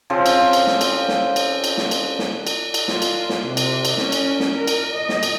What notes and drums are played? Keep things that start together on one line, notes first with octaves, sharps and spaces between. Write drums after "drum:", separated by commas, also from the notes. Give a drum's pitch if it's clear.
C#3 F3 C4
drum: cymbal
drum: cymbal
drum: snare
drum: cymbal
drum: snare
drum: cymbal
drum: cymbal
drum: snare
drum: cymbal
drum: snare
drum: cymbal
drum: cymbal
F4, drum: snare
drum: cymbal
drum: snare
C3
drum: cymbal
drum: cymbal
C#4, drum: snare
drum: cymbal
drum: snare
A#4
drum: cymbal
D#5
drum: snare
drum: cymbal